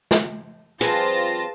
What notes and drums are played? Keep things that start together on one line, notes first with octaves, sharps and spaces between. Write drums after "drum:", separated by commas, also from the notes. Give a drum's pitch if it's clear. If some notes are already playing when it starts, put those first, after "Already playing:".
drum: snare
F3 G3 C4 F4 G#4 B4 A5 A#6, drum: hi-hat